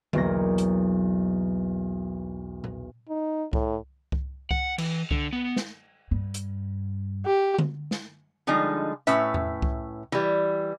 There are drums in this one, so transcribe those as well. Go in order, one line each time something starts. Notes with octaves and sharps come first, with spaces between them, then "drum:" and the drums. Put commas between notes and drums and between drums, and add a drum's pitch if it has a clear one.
B1 E2 F#3 A#3 A#6, drum: tom D3
drum: hi-hat
drum: tom A#2
D#4
A2, drum: kick C2
drum: kick C2
F#5, drum: kick C2
E3, drum: cymbal
D3, drum: kick C2
B3
drum: snare
G2
drum: hi-hat
G4
drum: tom D3
drum: snare
D3 F3 G3 G#3 D#4
A2 C#4 B4 E5, drum: hi-hat
drum: tom E2
drum: kick C2
E3 G3